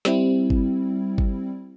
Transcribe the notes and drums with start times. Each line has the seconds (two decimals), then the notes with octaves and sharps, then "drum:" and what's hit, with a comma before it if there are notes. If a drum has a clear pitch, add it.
0.05 G3 C4 E4, drum: snare
0.50 drum: kick G1
1.18 drum: kick G1